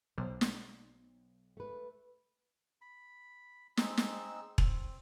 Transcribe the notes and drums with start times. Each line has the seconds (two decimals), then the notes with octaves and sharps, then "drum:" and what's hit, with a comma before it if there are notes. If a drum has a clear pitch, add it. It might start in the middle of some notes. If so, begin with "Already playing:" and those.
0.18 B1 C5
0.41 drum: snare
1.57 A3 B4
2.81 B5
3.77 G#3 C4 D#4 E6, drum: snare
3.97 drum: snare
4.58 C4, drum: kick E1